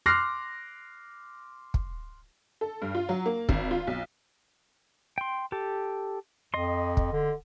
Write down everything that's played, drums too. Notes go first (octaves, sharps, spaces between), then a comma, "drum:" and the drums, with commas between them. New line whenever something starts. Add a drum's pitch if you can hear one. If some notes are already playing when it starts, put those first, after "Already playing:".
C6 D6 F6 F#6 A#6 C7
drum: kick
A4
G2
F4
F#3
A#3
G#1, drum: kick
F4
B1
G5 C6
G4 A4
F2 D#5 C6
drum: kick
D3